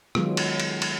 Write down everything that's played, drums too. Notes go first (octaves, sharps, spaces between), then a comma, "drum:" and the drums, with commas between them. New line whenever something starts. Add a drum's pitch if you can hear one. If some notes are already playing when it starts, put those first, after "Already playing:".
D#3 F#3 G#3 B3 F4, drum: rim click
drum: cymbal
drum: cymbal
drum: cymbal